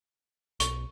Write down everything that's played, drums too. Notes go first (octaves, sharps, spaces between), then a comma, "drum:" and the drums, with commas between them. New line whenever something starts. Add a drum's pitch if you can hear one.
B1 C#6, drum: hi-hat